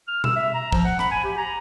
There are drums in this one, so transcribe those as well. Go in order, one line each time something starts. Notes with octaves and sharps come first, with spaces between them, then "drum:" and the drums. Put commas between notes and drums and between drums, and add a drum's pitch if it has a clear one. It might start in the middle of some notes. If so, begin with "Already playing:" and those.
F6
E6, drum: tom B2
E5
A#5
F3, drum: kick
F#5
B5, drum: rim click
G#5
G4
A#5